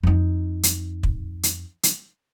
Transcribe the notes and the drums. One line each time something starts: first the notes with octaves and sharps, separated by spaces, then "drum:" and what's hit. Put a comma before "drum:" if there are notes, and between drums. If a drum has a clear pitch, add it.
F2 D#4
drum: hi-hat
drum: kick
drum: hi-hat
drum: hi-hat